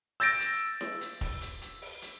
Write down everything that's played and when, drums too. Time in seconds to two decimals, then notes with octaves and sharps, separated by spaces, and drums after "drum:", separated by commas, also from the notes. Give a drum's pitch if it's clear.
0.20 E6 G6 A6 A#6 D7, drum: hi-hat
0.40 drum: hi-hat
0.81 drum: snare E4
1.01 drum: hi-hat
1.21 drum: kick F1, open hi-hat
1.41 drum: hi-hat
1.62 drum: hi-hat
1.82 drum: open hi-hat
2.02 drum: hi-hat